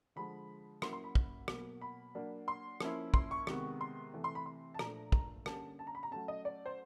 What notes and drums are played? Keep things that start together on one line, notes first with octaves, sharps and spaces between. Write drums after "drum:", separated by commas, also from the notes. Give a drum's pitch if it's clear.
D3 F3 G#3 B5
F#3 A#3 C#4 E4 C6, drum: rim click
C6
B5
drum: kick
B2 F#3 A#3, drum: rim click
B5
F#3 A#3 D4
C6
F3 A#3 C#4 E4, drum: rim click
C6, drum: kick
C#6
C3 D#3 G#3 B3, drum: rim click
C6
C3 E3 A3
C6
B5
C6
A5
A#2 F3 A3 D4 A#5, drum: rim click
drum: kick
D3 G3 A#3 C#4 A5, drum: rim click
A5
A#5
B5
A#5
F#3 A3 C#4 A5
D#5
D5
C5